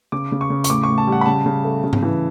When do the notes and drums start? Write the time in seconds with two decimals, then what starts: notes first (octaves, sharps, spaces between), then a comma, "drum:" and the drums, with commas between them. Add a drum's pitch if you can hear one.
0.12 C#3 D6
0.32 C#3
0.41 C#6
0.50 C#3
0.64 C#6, drum: hi-hat
0.69 A2 D6
0.84 A2 C#6
0.98 A5
1.07 G3
1.12 F#5
1.21 B5
1.26 C#3 A5
1.46 C#3
1.64 A3
1.84 C#3
1.93 drum: tom G#2
2.03 E3